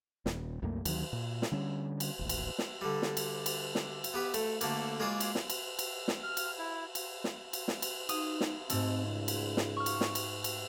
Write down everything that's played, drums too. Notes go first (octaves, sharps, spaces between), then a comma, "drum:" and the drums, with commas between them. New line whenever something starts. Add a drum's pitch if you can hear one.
D#1, drum: snare
C2 F#2 A3 A#3
D2 D#3 F#3, drum: cymbal
A#2
drum: snare
D3 G3 C#4
drum: cymbal
D#1 A1
drum: cymbal
drum: snare
D3 G3
drum: snare
drum: cymbal
drum: cymbal
drum: snare
drum: cymbal
B3 G4 B4
A3, drum: cymbal
D3 A3 A#3, drum: cymbal
G#3 A#3 F4 G#4 C#5 D5
drum: cymbal
drum: snare
drum: cymbal
drum: cymbal
drum: snare
F6
drum: cymbal
E4
drum: cymbal
drum: snare
drum: cymbal
drum: snare
drum: cymbal
D#4 D#6, drum: cymbal
drum: snare
G#2 A3 C4, drum: cymbal
C#2
drum: cymbal
drum: snare
C#6 F6
drum: cymbal
drum: snare
drum: cymbal
drum: cymbal